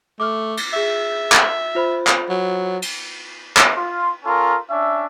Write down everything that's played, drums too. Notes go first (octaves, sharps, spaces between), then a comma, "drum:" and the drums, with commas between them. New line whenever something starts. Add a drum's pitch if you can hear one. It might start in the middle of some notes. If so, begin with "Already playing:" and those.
A3 D6 F6
drum: cymbal
G#4 E5 E6
drum: clap
F4 C5 B5
drum: clap
F#3
drum: cymbal
drum: clap
F4
C#4 F4 A4 A#4
C#4 D4 E5